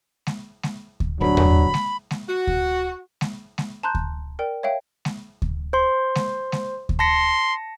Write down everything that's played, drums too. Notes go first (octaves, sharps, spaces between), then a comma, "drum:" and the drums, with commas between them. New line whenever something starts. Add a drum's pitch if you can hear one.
drum: snare G#3
drum: snare G#3
drum: kick D2
D1 G2 B2 F#3 D4 B5
drum: tom E2
drum: snare G#3
drum: snare G#3
F#4
drum: kick D2
drum: snare G#3
drum: snare G#3
A5 A#5 C6 F#6 G6
drum: kick D2
A#4 D5 G5
C#5 E5 F5 G5
drum: snare G#3
drum: kick D2
C5 C6
drum: snare G#3
drum: snare G#3
drum: kick D2
A5 C6 A#6 C#7